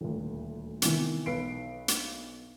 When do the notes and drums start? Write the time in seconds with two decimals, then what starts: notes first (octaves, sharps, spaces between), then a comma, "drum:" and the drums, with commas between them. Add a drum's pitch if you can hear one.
0.01 D#1 D2
0.82 C3 D#3 E3 B3, drum: hi-hat
1.26 B1 B4 C7 D7
1.88 drum: hi-hat